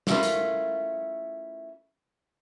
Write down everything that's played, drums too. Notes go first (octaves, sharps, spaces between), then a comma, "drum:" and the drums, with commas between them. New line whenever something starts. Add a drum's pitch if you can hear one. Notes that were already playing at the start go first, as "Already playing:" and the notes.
A3 C#4 E4 F4 A#4 B4, drum: snare
drum: hi-hat